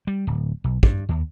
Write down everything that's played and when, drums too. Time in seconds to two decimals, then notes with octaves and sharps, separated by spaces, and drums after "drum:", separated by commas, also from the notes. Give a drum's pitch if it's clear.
0.07 G3
0.27 D1
0.64 B1
0.83 G2, drum: kick
1.09 D#2